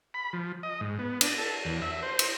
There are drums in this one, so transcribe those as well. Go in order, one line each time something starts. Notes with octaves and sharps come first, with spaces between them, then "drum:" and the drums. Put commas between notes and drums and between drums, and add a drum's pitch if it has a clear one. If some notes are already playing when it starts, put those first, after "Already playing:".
B5
F3
D#5
G#2
B3
D4, drum: cymbal
A4
E2
E5
C5
drum: cymbal